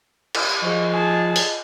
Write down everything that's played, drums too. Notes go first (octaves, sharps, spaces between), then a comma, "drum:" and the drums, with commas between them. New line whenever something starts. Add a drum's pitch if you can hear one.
drum: cymbal
F3 G#4 C5 D#5 C#6
F4 G#4 G#5 A5
drum: open hi-hat